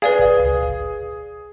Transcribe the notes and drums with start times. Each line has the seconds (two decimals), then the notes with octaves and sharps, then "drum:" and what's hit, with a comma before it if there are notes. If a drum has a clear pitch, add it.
0.02 G#4 B4 D5 F5 G#5
0.19 drum: kick
0.39 drum: tom C#2
0.63 drum: kick